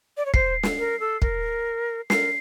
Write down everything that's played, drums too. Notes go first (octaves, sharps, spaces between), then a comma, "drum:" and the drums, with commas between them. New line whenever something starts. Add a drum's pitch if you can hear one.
D5
C#5
C5 C7, drum: kick
drum: snare
A#4
A4
A#4, drum: kick
A#4 C7, drum: snare